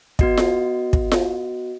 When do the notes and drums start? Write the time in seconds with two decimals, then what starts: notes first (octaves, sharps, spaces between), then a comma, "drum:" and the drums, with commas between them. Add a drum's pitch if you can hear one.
0.19 B3 F#4 D#5, drum: kick
0.37 drum: snare F4
0.93 drum: kick
1.12 drum: snare F4